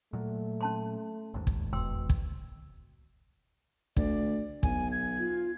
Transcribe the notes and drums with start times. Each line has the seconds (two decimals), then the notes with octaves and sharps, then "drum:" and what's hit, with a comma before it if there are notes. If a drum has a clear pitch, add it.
0.13 A#2 F#3 A3
0.61 C#4 A5 C6
1.34 A1 D#2 G#2
1.47 drum: kick
1.73 E1 B2 G5 C6 E6
2.09 drum: kick
3.96 D2 D5, drum: kick
4.63 B1 G#5, drum: kick
4.91 G#6
5.19 F4